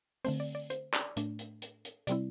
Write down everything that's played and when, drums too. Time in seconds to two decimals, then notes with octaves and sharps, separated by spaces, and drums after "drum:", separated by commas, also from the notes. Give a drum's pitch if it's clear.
0.25 D3 A3 C4 C5, drum: open hi-hat
0.40 D5
0.55 D5
0.70 C5, drum: hi-hat
0.94 D5, drum: clap
1.17 A2 A3 D4, drum: hi-hat
1.39 drum: hi-hat
1.62 drum: hi-hat
1.85 drum: hi-hat
2.07 C3 G3 C4 E4 D5, drum: hi-hat